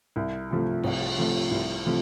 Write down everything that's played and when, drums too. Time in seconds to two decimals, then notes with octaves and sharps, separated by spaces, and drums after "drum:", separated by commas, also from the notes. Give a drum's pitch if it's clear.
0.16 C2
0.51 C3 F3 A3
0.83 C2, drum: cymbal
1.17 C3 F3 A3
1.51 C2
1.86 C3 F3 A3